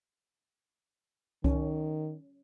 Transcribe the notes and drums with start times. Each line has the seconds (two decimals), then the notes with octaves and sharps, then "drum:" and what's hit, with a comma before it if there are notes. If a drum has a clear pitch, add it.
1.44 D#3 C#4, drum: kick C2